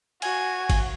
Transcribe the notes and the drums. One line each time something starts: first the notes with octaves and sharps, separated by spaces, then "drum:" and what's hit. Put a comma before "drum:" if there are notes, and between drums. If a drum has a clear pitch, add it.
F#4 G#5, drum: cymbal
drum: kick, cymbal